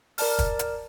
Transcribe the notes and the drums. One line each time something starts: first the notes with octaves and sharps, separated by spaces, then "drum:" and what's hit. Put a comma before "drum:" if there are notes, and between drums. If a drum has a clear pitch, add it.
A#4 D5 A5 F6, drum: open hi-hat
drum: kick, hi-hat
drum: hi-hat